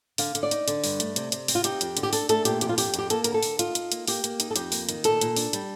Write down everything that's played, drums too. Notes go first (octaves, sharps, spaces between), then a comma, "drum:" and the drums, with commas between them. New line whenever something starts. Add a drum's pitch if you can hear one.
D3 F5, drum: open hi-hat
D3, drum: hi-hat
D5
D#4, drum: hi-hat
D3, drum: hi-hat
G2, drum: open hi-hat
A3, drum: hi-hat
C3, drum: hi-hat
C3, drum: hi-hat
C4, drum: open hi-hat
F4
D#4 G4, drum: hi-hat
F2, drum: hi-hat
D3, drum: hi-hat
G4
D4 A4, drum: open hi-hat
A3 A4, drum: hi-hat
A#2 G4, drum: hi-hat
F2 G4, drum: hi-hat
F4
F2 G4, drum: open hi-hat
F2 G4, drum: hi-hat
A#3 A4, drum: hi-hat
D3 A#4, drum: hi-hat
A4
D3, drum: open hi-hat
D#4 F4, drum: hi-hat
D#4, drum: hi-hat
A#3, drum: hi-hat
A#3 G4, drum: open hi-hat
A#3, drum: hi-hat
D#4, drum: hi-hat
A4
F2 G4, drum: hi-hat
A#3, drum: open hi-hat
D#3, drum: hi-hat
A#2 A4, drum: hi-hat
A#2, drum: hi-hat
D4, drum: open hi-hat
G3, drum: hi-hat